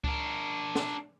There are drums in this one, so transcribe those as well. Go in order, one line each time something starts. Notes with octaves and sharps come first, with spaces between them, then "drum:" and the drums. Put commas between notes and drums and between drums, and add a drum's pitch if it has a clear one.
D4 A#4, drum: kick C#2
drum: snare